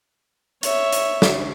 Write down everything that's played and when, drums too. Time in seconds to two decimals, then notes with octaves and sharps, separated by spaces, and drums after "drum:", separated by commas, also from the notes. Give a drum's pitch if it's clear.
0.63 C#5 E5, drum: hi-hat
0.93 drum: hi-hat
1.22 drum: snare